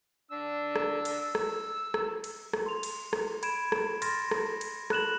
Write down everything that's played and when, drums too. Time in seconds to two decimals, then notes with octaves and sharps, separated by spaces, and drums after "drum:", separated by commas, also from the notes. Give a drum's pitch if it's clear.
0.31 D4 E6
0.76 drum: rim click
1.05 drum: cymbal
1.21 E6
1.35 drum: rim click
1.94 drum: rim click
2.24 drum: cymbal
2.53 drum: rim click
2.66 C6 F7
2.83 drum: cymbal
3.13 drum: rim click
3.43 B5 G#6 D7 E7, drum: cymbal
3.72 drum: rim click
4.02 C6 F6 A6 A#6, drum: cymbal
4.31 drum: rim click
4.61 drum: cymbal
4.90 B5 F#6 E7 F#7, drum: rim click